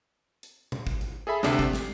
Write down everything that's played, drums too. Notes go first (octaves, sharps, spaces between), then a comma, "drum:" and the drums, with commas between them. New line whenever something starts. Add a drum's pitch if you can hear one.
drum: hi-hat
drum: tom A#2
drum: kick
drum: hi-hat
G#4 A4 E5 B5
D2 C3 D4 A4 E5 C7, drum: snare
G4, drum: kick, hi-hat
drum: snare